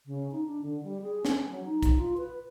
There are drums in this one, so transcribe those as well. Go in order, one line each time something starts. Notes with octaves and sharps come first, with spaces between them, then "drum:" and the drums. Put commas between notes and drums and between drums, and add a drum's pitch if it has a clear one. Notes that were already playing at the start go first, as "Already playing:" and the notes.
C#3
D#4
D4
D3
G3
G#4
C#4, drum: snare
F#3
D#4
drum: kick, hi-hat
F4
B4